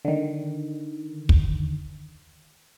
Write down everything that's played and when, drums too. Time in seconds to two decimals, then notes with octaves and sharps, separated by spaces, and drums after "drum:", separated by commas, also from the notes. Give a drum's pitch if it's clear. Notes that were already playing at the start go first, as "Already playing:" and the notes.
0.05 D3 D#3
1.29 drum: kick